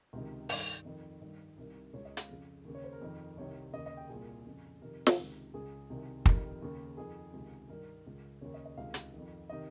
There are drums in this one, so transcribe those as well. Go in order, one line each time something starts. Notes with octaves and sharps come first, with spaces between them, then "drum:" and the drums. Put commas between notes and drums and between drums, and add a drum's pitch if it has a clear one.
C#2 C3 D#3 A#4
G2 D#3, drum: open hi-hat
F2 D#3
G2 D#3
C2 C3 D#3 A#4
C#2 C#3 C#5
D#5
F5, drum: hi-hat
F2 C#3
D#2 C#3
C#5
C5
A#4
F2 D#3
C2 C3 D#3 C#5
D#2 C#3 D#5
D#5
G5
C2 A#2 G#4
F2 C#3
F2 C3 D#3 A#4
drum: snare
C#2 C3 D#3
C#2 C#3 G#4
C2 C3 D#3
F2 C3 D#3 A#4, drum: kick
D#2 C#3
F2 D#3 G#4
C#2 C3 D#3
G2 D#3 A#4
C#2 C#3
D#2 C#3 C#5
D#5
D#5
C#2 C3 D#3 F5
drum: hi-hat
F2 D#3
C3 D#3 D#5